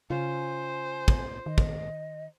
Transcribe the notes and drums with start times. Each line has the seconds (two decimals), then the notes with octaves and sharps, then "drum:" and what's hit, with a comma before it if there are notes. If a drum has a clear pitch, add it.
0.10 C#3 C#4 F4 C5 G#5
1.08 drum: kick
1.46 D#3 D#5
1.58 drum: kick